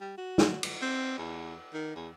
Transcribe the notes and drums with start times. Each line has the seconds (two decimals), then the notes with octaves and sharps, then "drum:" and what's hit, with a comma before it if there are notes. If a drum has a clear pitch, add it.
0.01 G3
0.18 F#4
0.38 drum: snare
0.63 drum: cymbal
0.82 C4
1.18 E2
1.74 D#3
1.96 E2